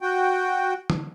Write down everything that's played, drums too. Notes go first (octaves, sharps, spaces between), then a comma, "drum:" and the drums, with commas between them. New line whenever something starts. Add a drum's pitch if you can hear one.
F#4 G5
drum: tom